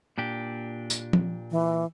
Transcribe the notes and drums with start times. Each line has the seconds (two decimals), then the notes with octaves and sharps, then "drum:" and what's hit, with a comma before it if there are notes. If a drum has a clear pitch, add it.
0.18 A#2 D4 G4
0.90 drum: tambourine
1.13 drum: tom F3
1.51 E3